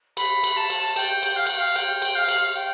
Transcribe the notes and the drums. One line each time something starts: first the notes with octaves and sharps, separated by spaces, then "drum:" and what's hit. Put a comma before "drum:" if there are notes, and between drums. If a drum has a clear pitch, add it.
B5, drum: cymbal
drum: cymbal
A5
drum: cymbal
G5, drum: cymbal
drum: cymbal
F5
G5, drum: cymbal
F5
G5, drum: cymbal
drum: cymbal
F5
drum: cymbal
G5